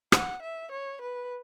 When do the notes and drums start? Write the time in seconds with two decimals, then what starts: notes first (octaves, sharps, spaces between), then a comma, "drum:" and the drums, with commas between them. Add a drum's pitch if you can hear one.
0.12 F#5, drum: rim click
0.42 E5
0.72 C#5
1.01 B4